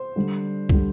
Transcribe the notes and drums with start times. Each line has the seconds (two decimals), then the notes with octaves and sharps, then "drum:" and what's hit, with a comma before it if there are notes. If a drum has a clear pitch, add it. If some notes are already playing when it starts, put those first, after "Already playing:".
Already playing: C5
0.16 D3 G3
0.69 D3 G3, drum: kick